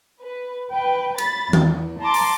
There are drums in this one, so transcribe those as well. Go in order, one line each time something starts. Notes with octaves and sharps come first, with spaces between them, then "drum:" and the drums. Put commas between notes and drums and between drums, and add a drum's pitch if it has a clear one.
B4
B4 G5
B5 A6, drum: cymbal
E2, drum: tom D#3
A5 A#5 C6 D6
drum: open hi-hat